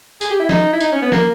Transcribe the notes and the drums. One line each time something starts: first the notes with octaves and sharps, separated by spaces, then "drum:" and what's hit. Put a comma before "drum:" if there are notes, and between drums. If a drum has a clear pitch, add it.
G#4, drum: tambourine
G4
E4
D#4, drum: snare
E4
D#4, drum: tambourine
C#4
B3
A#3, drum: snare